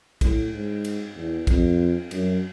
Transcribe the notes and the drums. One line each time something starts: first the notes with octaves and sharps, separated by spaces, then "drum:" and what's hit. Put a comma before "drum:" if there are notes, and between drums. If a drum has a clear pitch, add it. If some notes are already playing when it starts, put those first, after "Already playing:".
A2, drum: kick, cymbal
G#2
drum: cymbal
E2
F2, drum: kick, cymbal
F#2, drum: cymbal